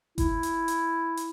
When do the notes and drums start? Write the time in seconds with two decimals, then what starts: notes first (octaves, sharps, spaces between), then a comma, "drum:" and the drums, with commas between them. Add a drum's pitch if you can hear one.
0.18 E4, drum: kick F#1, hi-hat
0.43 drum: hi-hat
0.68 drum: hi-hat
1.17 drum: hi-hat